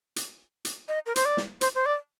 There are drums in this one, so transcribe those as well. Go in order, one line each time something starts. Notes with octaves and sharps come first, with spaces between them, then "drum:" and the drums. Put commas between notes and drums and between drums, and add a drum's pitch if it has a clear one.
drum: hi-hat
drum: hi-hat
D#5
A#4
C5, drum: hi-hat
D5
drum: snare
C5, drum: hi-hat
C5
D5